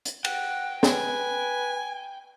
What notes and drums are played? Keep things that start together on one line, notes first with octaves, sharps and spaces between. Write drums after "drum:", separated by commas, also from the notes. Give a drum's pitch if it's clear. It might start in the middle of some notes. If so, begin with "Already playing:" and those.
drum: hi-hat
F#5 G5, drum: cymbal
B4 G#5, drum: snare